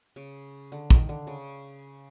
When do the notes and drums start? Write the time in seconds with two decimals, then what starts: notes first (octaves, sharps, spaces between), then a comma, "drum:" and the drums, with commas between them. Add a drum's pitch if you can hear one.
0.16 C#3
0.72 D3
0.91 D#3, drum: kick
1.09 D3
1.27 C#3